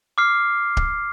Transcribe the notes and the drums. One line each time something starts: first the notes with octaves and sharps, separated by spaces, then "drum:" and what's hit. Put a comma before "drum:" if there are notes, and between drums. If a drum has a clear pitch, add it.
D6 F6 C7
drum: kick D1